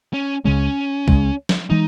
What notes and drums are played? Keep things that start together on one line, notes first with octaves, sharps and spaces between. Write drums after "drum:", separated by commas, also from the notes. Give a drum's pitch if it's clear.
C#4
C#2 C#3 G#3 C#4
C#2 C#3 G#3, drum: kick
drum: snare
E3 G#3 D#4